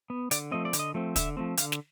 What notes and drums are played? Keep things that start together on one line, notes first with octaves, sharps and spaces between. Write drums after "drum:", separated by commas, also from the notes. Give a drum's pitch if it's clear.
B3
D3 D5, drum: hi-hat
F3 A3 C4 D#5
D5
D3, drum: hi-hat
D#5
F3 A3 C4
D3 E5, drum: kick, hi-hat
F3 A3 C4
D3 F5, drum: hi-hat
drum: snare